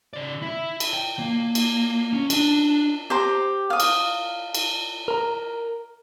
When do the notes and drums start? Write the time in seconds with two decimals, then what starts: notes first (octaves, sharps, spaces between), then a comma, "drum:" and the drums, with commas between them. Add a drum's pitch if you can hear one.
0.13 C#3 D5
0.42 E4
0.80 drum: cymbal
0.94 G5
1.19 A#3
1.55 drum: cymbal
2.13 C#4
2.30 D4, drum: cymbal
3.10 G4 C5 A#5
3.70 F5 D#6
3.80 drum: cymbal
4.54 drum: cymbal
5.08 A#4 A#5